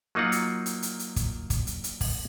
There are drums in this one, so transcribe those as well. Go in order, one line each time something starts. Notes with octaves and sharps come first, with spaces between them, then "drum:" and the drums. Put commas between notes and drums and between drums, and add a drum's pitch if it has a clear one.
F#3 A#3 D#4 F4 F#5
drum: hi-hat
drum: hi-hat
drum: hi-hat
drum: hi-hat
drum: kick, hi-hat
drum: kick, hi-hat
drum: hi-hat
drum: hi-hat
drum: kick, open hi-hat